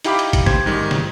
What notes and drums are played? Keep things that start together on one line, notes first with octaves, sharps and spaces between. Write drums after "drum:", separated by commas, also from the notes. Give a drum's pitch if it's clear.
D#4 E4 G4 F5 B5 D6, drum: hi-hat
drum: hi-hat
drum: kick G#1, hi-hat
G4 C5 G#6, drum: snare
G#2 D#3 G3
drum: snare